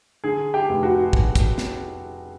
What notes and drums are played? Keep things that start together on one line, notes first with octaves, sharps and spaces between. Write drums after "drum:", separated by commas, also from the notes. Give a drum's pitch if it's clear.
D3 G#4
G4
F1
F#4
drum: kick
drum: kick, hi-hat
drum: snare